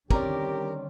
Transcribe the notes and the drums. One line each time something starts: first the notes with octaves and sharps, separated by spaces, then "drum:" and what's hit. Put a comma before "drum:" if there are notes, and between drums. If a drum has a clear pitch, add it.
D3 D#3 G3 C4 C#4 G4 A#4 D5, drum: kick